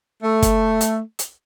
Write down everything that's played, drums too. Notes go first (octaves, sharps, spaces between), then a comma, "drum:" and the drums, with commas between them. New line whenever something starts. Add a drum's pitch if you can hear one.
A3
drum: kick, hi-hat
drum: hi-hat
drum: hi-hat